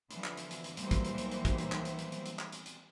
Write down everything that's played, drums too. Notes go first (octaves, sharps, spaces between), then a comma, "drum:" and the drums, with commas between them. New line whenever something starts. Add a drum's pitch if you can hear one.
D3 E3 F3, drum: hi-hat
drum: clap
drum: hi-hat
drum: hi-hat
drum: hi-hat
D#3 E3 F#3 G3 A#3 C5, drum: hi-hat
drum: kick, hi-hat
drum: hi-hat
drum: hi-hat
drum: hi-hat
drum: kick, hi-hat
drum: hi-hat
drum: clap
drum: hi-hat
drum: hi-hat
drum: hi-hat
drum: hi-hat
drum: clap
drum: hi-hat
drum: hi-hat